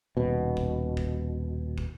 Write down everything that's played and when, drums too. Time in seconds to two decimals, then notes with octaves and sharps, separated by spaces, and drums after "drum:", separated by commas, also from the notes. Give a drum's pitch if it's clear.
0.17 D#1 B2
0.57 drum: kick
0.97 drum: kick
1.78 drum: kick